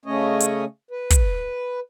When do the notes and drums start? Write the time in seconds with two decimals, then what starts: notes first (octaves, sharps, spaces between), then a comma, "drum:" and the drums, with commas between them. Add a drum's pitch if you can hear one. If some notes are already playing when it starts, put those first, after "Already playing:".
0.05 C#3 A3 C#4 C#5 D#5
0.40 drum: hi-hat
0.91 B4
1.10 drum: kick, hi-hat